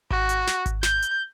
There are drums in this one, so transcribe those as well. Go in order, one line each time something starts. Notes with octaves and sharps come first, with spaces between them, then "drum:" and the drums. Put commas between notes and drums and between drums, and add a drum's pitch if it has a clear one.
F#4, drum: kick G#1
drum: hi-hat
drum: snare
drum: kick G#1, hi-hat
G6, drum: snare
drum: hi-hat